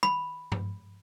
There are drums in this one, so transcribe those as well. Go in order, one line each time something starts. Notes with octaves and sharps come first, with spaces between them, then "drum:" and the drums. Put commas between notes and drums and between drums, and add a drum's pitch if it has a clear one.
B5
drum: tom G2